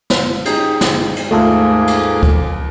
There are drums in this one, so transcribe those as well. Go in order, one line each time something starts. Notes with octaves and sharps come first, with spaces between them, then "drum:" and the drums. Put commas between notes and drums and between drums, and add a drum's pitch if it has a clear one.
drum: snare
D#4 G4 G#4, drum: cymbal
drum: snare
drum: cymbal
D#2 G#2 A3 A#3 F4 G#4 A4
drum: cymbal
drum: kick D2